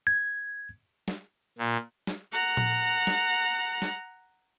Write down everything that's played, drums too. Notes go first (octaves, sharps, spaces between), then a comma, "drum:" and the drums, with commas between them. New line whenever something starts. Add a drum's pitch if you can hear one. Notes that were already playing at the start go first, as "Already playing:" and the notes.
G#6
drum: snare
A#2
drum: snare
F#5 A#5
drum: tom A#2
drum: snare
drum: snare